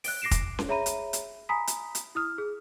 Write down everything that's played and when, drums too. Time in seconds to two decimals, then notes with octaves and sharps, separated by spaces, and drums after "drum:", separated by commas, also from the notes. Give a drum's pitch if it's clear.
0.04 F#6 D7, drum: open hi-hat
0.22 D6 A#6 C7 D7 E7
0.31 drum: kick, hi-hat
0.59 drum: snare C#4
0.68 G#4 C#5 E5 A#5 B5 D#7
0.86 drum: hi-hat
1.13 drum: hi-hat
1.49 G#5 A#5 B5 D#6 B6
1.67 drum: hi-hat
1.95 drum: hi-hat
2.15 E4 D#6 F6
2.38 G#4